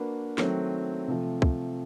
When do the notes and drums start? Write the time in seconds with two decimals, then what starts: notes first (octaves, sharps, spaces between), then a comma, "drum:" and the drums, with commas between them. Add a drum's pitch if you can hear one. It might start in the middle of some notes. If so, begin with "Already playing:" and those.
Already playing: A#3 D4 F#4 B4
0.38 D#3 F#3 A3 C4, drum: snare
1.08 C3 F3 A3
1.42 drum: kick C#2